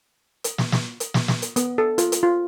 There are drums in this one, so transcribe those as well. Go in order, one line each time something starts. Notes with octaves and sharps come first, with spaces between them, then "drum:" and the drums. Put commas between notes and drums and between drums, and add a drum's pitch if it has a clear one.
drum: hi-hat
drum: snare
drum: snare
drum: hi-hat
drum: snare
drum: snare
drum: hi-hat
B3, drum: hi-hat
A4
F4, drum: hi-hat
drum: hi-hat
F4